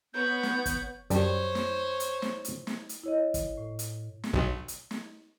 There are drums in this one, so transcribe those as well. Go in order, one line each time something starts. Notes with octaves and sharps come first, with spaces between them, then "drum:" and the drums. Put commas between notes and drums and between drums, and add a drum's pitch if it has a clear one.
B3 B4 C#5 F#5 G6
drum: snare
drum: kick, hi-hat
F#2 G3 C5 C#5 A5, drum: hi-hat
drum: snare
drum: hi-hat
drum: snare
drum: hi-hat
drum: snare
drum: hi-hat
E4 C#5 D#5
drum: kick, hi-hat
A2
drum: hi-hat
drum: snare
B1
drum: hi-hat
drum: snare